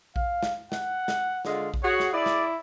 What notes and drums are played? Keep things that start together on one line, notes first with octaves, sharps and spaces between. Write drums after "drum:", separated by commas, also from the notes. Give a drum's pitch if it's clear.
F5, drum: kick A#1
drum: snare
F#5, drum: snare
drum: snare
D3 G#3 F4, drum: snare
drum: kick A#1
F#4 G#4 C#5 F#5
drum: snare
E4 G#4 D5
drum: snare